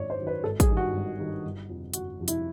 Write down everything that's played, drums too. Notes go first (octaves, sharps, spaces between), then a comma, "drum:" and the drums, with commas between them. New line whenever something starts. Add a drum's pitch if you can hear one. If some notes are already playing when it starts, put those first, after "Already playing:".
Already playing: G#1 F#2 D#3 F#3 C#5 D5
C5
F#2 D#3 F#3
B4
G#1 A4
G#4, drum: kick, hi-hat
G2 D#3
F#4
G#1
G2 D#3
G1
F2 C3 F3
G1 F#4, drum: hi-hat
F2 C3 F3
E4, drum: hi-hat